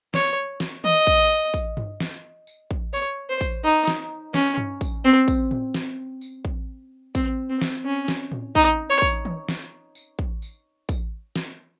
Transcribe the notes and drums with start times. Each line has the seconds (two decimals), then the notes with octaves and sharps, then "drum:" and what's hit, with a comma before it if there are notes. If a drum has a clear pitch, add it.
0.14 C#5, drum: snare
0.60 drum: snare
0.84 D#5, drum: tom D#3
1.07 drum: kick, tambourine
1.54 drum: kick, tambourine
1.77 drum: tom G2
2.00 drum: snare
2.47 drum: tambourine
2.71 drum: kick
2.93 C#5, drum: tambourine
3.29 C5
3.41 drum: kick, tambourine
3.64 D#4
3.87 drum: snare
4.34 C#4, drum: snare
4.58 drum: tom G2
4.81 drum: kick, tambourine
5.04 C4
5.28 drum: kick, tambourine
5.51 drum: tom A2
5.74 drum: snare
6.21 drum: tambourine
6.45 drum: kick
7.15 C4, drum: kick, tambourine
7.50 C4
7.62 drum: snare
7.85 C#4
8.08 drum: snare
8.32 drum: tom A2
8.55 D#4, drum: kick
8.90 C#5
9.02 drum: kick, tambourine
9.25 drum: tom D#3
9.49 drum: snare
9.95 drum: tambourine
10.19 drum: kick
10.42 drum: tambourine
10.89 drum: kick, tambourine
11.36 drum: snare